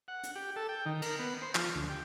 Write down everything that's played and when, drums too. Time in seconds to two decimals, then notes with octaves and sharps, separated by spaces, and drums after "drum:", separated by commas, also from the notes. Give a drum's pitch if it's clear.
0.08 F#5
0.23 drum: hi-hat
0.36 G4
0.56 A4
0.69 G5
0.86 D#3
1.02 A#4, drum: cymbal
1.19 B3
1.42 C5
1.55 F3, drum: clap
1.75 D2
1.90 G4